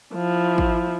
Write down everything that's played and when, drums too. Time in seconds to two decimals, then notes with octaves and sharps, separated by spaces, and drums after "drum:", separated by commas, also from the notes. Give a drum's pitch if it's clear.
0.14 F3 E4
0.58 drum: kick G#1